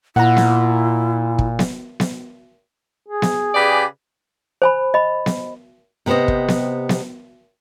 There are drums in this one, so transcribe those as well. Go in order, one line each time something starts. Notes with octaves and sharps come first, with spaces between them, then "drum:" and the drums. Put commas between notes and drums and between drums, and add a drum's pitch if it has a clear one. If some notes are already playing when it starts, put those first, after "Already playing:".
A#2 E4 F#5 A#5
drum: snare B3
drum: kick
drum: snare B3
drum: snare B3
G#4
drum: snare B3
C#3 G4 B4 D5
C5 G#5 B5
D#5 B5
drum: snare B3
C3 B3 G4 C5 D#5
drum: kick
drum: snare B3
drum: snare B3